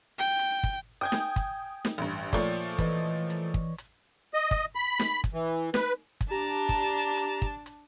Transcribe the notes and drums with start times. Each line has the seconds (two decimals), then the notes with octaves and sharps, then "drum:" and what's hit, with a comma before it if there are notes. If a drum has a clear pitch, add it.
0.18 G5
0.39 drum: hi-hat
0.63 drum: kick
1.01 G5 G#5 D#6 G6 G#6
1.12 drum: snare
1.36 drum: kick, hi-hat
1.85 drum: snare
1.98 A1 G2
2.33 A#2 F3 A3 C#5 D5, drum: kick, hi-hat
2.79 E3 B4 D#5, drum: kick, hi-hat
3.30 drum: hi-hat
3.54 drum: kick
3.78 drum: hi-hat
4.34 D#5
4.51 drum: kick
4.75 B5
4.99 drum: snare
5.24 drum: kick, hi-hat
5.34 E3
5.74 B4, drum: snare
6.21 drum: kick, hi-hat
6.31 D4 G4 A5 A#5
6.69 drum: kick
7.17 drum: hi-hat
7.42 drum: kick
7.66 drum: hi-hat